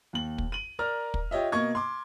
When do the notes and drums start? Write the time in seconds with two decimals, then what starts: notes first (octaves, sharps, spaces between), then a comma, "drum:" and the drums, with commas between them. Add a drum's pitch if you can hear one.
0.13 D#2 F#7
0.38 drum: kick
0.52 D#7 F#7
0.79 A#4 D5 A#5 F6
1.14 drum: kick
1.31 F4 G4 C#5 D#5 E5
1.52 B2 A#3 D#5 C#6 G#6
1.75 C6 D6